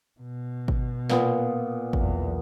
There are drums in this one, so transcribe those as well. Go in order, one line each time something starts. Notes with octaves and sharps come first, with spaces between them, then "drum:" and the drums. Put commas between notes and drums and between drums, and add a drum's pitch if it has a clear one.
B2
drum: kick G#1
A#2 B3, drum: snare
B1 E2, drum: kick G#1